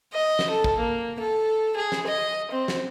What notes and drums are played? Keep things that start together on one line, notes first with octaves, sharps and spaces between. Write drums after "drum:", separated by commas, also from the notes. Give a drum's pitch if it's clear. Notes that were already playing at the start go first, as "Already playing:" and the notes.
D#5
drum: snare
A4
drum: kick
A#3
A4
G#4
drum: snare
D#5
C4
drum: snare